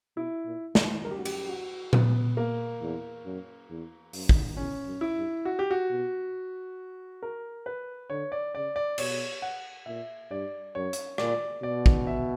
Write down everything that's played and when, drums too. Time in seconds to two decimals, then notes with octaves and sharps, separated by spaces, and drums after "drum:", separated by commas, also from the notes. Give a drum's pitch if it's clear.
0.16 B2 E4
0.46 A#2
0.75 A#2, drum: snare
1.05 F#2 A#4
1.11 G4
1.18 F#4
1.25 G4, drum: cymbal
1.49 F#4
1.93 B3, drum: tom A#2
2.37 A#3
2.81 E2
3.25 F#2
3.69 E2
4.13 F#2, drum: open hi-hat
4.29 drum: kick
4.57 E2 C#4
4.86 F#2
5.01 E4
5.16 G2
5.45 F#4
5.59 G4
5.71 F#4
5.90 B2
7.23 A#4
7.66 B4
8.10 D3 C#5
8.32 D5
8.54 C#3 D5
8.76 D5
8.98 B2 C#5, drum: cymbal
9.42 F#5
9.86 A#2 E5
10.30 G2 D5
10.75 F#2 C#5
10.93 drum: hi-hat
11.18 A#2 D5, drum: rim click
11.63 B2 D5
11.86 drum: kick
12.07 E5